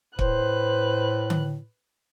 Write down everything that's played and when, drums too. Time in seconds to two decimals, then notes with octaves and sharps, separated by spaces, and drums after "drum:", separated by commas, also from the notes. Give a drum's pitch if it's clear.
0.19 A2 B4 C5 F#6, drum: kick
1.30 drum: tom D3